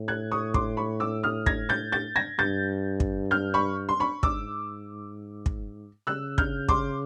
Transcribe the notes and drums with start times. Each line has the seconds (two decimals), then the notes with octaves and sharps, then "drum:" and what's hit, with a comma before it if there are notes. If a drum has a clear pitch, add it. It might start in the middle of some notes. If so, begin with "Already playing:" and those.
Already playing: A2
0.08 F#6 G#6
0.31 C#6 D#6
0.54 C6 D6, drum: kick
0.77 B5 C#6
1.00 D6 E6
1.23 D#6 F6
1.46 G#6 A#6, drum: kick
1.69 G6 A6
1.92 G6 A6
2.16 G#6 A#6
2.39 G2 G6 A6
3.00 drum: kick
3.31 F6 G6
3.54 B5 C#6
3.89 C6
4.00 B5 C#6
4.23 G#2 D6 E6, drum: kick
5.46 drum: kick
6.07 C#3 E6 F#6
6.38 F6 G6, drum: kick
6.69 C6 D6, drum: kick